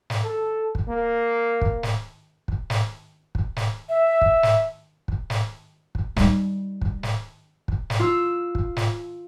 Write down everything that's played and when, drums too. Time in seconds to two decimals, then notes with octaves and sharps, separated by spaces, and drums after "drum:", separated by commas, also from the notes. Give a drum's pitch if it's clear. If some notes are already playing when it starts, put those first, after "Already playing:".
0.10 drum: snare
0.24 A4
0.75 drum: kick
0.88 A#3
1.61 drum: kick
1.83 drum: snare
2.48 drum: kick
2.70 drum: snare
3.35 drum: kick
3.56 drum: snare
3.89 E5
4.21 drum: kick
4.43 drum: snare
5.08 drum: kick
5.30 drum: snare
5.95 drum: kick
6.16 G3 D#4, drum: snare
6.81 drum: kick
7.03 drum: snare
7.68 drum: kick
7.90 drum: snare
7.99 F4 E6
8.55 drum: kick
8.76 drum: snare